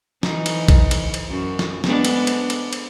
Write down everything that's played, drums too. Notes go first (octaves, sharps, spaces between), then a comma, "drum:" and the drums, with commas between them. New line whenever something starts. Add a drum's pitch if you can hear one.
E3 D#4, drum: snare
drum: cymbal
drum: kick, cymbal
drum: cymbal
drum: cymbal
F#2
drum: snare
G#3 B3 D4, drum: snare
drum: cymbal
drum: cymbal
drum: cymbal
drum: cymbal